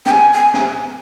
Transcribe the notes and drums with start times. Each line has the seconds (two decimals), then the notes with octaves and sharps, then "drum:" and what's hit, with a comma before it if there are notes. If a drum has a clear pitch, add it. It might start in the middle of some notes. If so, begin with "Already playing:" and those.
0.06 G5, drum: snare
0.11 G#5
0.33 G#5
0.54 drum: snare